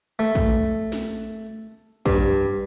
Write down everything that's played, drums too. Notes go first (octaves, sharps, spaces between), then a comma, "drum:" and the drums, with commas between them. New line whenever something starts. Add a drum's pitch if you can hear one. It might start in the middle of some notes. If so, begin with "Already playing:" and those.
A3
drum: kick A#1
drum: snare A#3
G2, drum: kick A#1